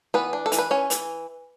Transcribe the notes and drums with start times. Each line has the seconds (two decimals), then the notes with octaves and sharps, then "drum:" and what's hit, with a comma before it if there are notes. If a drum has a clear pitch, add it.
0.14 E3 B3 B4
0.33 D4
0.46 A4
0.52 E3, drum: hi-hat
0.58 B4
0.71 E3 C#4 C#5
0.90 E3, drum: hi-hat